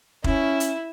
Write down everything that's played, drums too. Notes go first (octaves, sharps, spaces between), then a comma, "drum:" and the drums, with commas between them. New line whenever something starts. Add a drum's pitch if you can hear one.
C#4 E4, drum: kick F1
drum: hi-hat